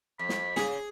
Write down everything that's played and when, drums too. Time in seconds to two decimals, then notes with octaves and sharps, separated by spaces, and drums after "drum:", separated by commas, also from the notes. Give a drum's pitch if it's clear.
0.19 F2 B5
0.29 drum: snare
0.56 C#3 G#4, drum: snare